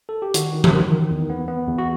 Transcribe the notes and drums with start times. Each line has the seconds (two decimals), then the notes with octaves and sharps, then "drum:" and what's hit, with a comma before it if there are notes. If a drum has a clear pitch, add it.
0.09 A4
0.22 G4
0.34 D#3 F#4, drum: hi-hat
0.54 D#3
0.64 drum: tom E3
0.73 D#3
0.92 D#3
1.11 E2
1.30 B3
1.48 B3
1.67 E2
1.78 F#4